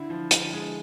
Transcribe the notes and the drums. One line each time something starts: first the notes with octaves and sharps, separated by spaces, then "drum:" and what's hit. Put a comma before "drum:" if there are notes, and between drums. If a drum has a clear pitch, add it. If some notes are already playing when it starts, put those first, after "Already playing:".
Already playing: D3 E4
F3
D3, drum: hi-hat
G#3